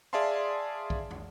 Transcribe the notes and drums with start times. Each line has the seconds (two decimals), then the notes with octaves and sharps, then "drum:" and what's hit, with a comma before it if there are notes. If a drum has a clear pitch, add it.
0.13 G#4 D5 E5 F5 A5 C6
0.90 drum: kick B1
1.11 drum: tom